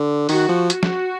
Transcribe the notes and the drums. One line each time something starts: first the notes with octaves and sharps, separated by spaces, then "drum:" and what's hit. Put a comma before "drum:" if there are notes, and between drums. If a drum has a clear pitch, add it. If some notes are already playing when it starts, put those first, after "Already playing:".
Already playing: D3
D#3 F#4, drum: open hi-hat
F3
F#4, drum: hi-hat
drum: snare